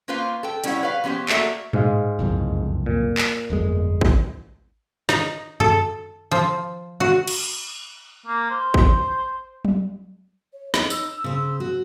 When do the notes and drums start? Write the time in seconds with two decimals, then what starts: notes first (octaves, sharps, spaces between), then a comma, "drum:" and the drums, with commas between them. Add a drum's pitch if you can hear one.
0.08 A#3 C#4 F4 B4 C5 F5
0.43 A4 G5
0.64 G3 C#4 E4 C5 C#5 F#5, drum: hi-hat
0.83 B4 F5
1.04 F3 B3 C#4 G4 C5
1.29 A3 A#3 F#4 A4 D5 E5, drum: clap
1.73 G#2 G#3 F5, drum: tom A2
2.19 F#1 C2 F2
2.86 A#2
3.18 drum: clap
3.50 G1 F2 G#3
4.01 drum: kick
5.09 D#4, drum: snare
5.60 A4, drum: tom F#2
6.31 F3
7.00 F#4
7.27 drum: cymbal
8.26 A#3
8.50 C5
8.74 drum: kick
9.65 drum: tom F#3
10.52 C#5
10.74 D#4 C#5, drum: snare
10.90 E6, drum: tambourine
11.24 C#3 C5
11.60 F#4